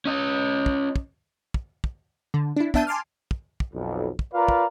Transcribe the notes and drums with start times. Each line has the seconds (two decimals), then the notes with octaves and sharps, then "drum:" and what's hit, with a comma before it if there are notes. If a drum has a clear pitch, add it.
0.05 C#4 D#5
0.66 drum: kick
0.96 drum: kick
1.54 drum: kick
1.84 drum: kick
2.34 D3
2.56 D4 E4
2.74 B3 D4 E5 A5 G6 D#7, drum: kick
2.87 G#5 A5 C6 D6 F6
3.31 drum: kick
3.60 drum: kick
3.73 B1 F2
4.19 drum: kick
4.34 F4 A#4 B4 D5 F5 A#5
4.48 drum: kick